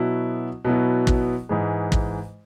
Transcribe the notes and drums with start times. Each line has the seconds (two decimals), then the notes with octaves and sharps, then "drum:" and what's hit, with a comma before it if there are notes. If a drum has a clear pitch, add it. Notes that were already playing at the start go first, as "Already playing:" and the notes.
Already playing: B2 F#3 B3 E4
0.65 B2 F#3 B3 E4
1.07 drum: kick
1.49 G#2 E3 G#3
1.92 drum: kick